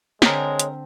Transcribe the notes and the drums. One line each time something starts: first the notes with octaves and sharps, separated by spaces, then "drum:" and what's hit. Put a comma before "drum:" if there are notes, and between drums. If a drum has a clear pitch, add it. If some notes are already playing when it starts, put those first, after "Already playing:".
D3 G#3 C4 G#4 A#4 C#5, drum: snare
drum: hi-hat